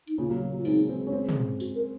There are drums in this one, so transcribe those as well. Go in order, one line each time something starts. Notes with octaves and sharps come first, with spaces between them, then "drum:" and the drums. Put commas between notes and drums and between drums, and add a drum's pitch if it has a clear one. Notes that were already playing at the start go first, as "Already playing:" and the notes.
D#4, drum: hi-hat
A#2 C#3 F4
F#3 A#3
F#3 A#3
F#3 A#3
F4
G#3 C4 D#4, drum: open hi-hat
G#3 C4
C#4
G#3 C4
drum: tom
F#4, drum: tambourine
A#4